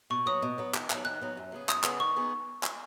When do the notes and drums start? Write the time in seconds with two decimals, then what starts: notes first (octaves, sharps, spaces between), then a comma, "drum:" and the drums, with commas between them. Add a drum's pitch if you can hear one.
0.10 B2 C#6
0.26 F#3 B3 D#6
0.42 B2
0.58 F#3 B3
0.74 D#3, drum: clap
0.90 F#3 B3 D#4, drum: clap
1.05 D#3 F#6
1.21 F#3 B3 D#4
1.37 F#2
1.52 C#3 B3 G#4
1.69 F#2 D#6, drum: clap
1.84 C#3 B3 G#4, drum: clap
2.00 D#3 C#6
2.16 B3 D#4 G#4
2.63 drum: clap